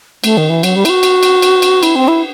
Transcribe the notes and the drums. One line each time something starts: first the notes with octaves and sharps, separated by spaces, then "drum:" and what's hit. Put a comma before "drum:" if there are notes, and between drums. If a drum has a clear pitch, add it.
A3, drum: cymbal
D#3
E3
F#3, drum: cymbal
G3
E4, drum: cymbal
F#4
drum: cymbal
drum: cymbal
drum: cymbal
drum: cymbal
E4, drum: cymbal
C4
E4